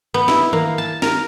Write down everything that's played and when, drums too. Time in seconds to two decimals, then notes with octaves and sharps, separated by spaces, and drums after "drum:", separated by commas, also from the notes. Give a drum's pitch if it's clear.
0.14 B3
0.28 E4, drum: snare
0.53 A#3, drum: tom D#3
0.78 A5
1.02 A#4, drum: snare